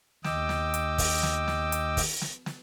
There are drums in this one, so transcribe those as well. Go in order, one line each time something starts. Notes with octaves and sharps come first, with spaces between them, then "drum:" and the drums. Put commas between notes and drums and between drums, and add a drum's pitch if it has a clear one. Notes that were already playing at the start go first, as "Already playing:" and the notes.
D#2 D#5 G5 D6 E6, drum: snare
drum: snare
drum: hi-hat
drum: kick, open hi-hat
drum: snare
drum: snare
drum: hi-hat
drum: kick, open hi-hat
drum: snare
drum: snare